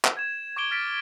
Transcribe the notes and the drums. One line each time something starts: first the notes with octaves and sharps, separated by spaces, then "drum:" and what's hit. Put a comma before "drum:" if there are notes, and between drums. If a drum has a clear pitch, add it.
drum: clap
G#6 E7
C#6 D6 G#6 D7 G7
F6 A6 B6 D7